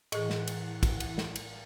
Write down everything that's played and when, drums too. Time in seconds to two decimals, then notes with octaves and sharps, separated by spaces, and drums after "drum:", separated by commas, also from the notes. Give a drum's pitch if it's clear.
0.12 A2 E3 G#4 D#5 F#5, drum: cymbal
0.30 drum: snare
0.47 drum: cymbal
0.83 drum: kick, cymbal
1.00 drum: cymbal
1.18 drum: snare
1.36 drum: cymbal